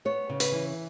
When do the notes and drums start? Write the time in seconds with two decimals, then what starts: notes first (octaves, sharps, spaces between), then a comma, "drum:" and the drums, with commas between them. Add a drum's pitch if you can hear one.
0.05 B3 C#5
0.30 C#3
0.40 B4, drum: open hi-hat
0.52 E3